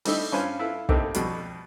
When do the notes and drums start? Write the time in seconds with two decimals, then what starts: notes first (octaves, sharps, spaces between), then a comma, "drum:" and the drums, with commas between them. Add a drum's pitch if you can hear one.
0.05 G3 A3 C4 D#4 E4 G4, drum: open hi-hat
0.32 G2 C#4 F4 B4 C5 G#5
0.59 E4 F4 A4 B4
0.89 A2 C3 A3 A#3 C4 D#4, drum: kick
1.14 F2 B2 G3, drum: hi-hat